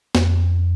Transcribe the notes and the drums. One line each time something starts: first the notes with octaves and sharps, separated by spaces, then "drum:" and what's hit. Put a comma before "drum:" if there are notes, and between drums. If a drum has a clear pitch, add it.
F2, drum: snare